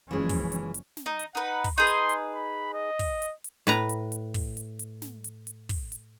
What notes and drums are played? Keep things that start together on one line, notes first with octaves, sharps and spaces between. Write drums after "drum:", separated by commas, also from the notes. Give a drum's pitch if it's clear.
F#1 E3 F3 G#3 C#4
drum: kick, open hi-hat
drum: hi-hat
drum: hi-hat
drum: snare
D#4
drum: hi-hat
D#4 B4 F#5
drum: kick, open hi-hat
D#4 G#4 B4 C6
drum: hi-hat
drum: hi-hat
B5
D#5
drum: kick, open hi-hat
drum: hi-hat
drum: hi-hat
A2 B4 A#5, drum: snare
drum: hi-hat
drum: hi-hat
drum: kick, open hi-hat
drum: hi-hat
drum: hi-hat
drum: snare
drum: hi-hat
drum: hi-hat
drum: kick, open hi-hat
drum: hi-hat